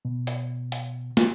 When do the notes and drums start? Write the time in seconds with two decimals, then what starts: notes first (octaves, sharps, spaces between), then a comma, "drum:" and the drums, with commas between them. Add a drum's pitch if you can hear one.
0.05 B2
0.27 drum: hi-hat
0.72 drum: hi-hat
1.17 drum: snare